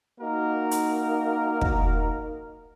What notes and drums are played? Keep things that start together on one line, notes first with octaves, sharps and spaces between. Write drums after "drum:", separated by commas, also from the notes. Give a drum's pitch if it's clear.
A#3 D#4 F#4 A#4
drum: hi-hat
drum: kick